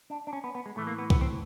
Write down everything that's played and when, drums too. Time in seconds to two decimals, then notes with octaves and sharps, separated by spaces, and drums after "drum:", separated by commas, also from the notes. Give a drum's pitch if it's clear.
0.10 D4
0.27 D4
0.33 C#4
0.44 B3
0.55 B3
0.66 G#3
0.76 A2 E3 A3
0.87 A#3
0.98 B3
1.10 B3, drum: kick C2
1.21 C4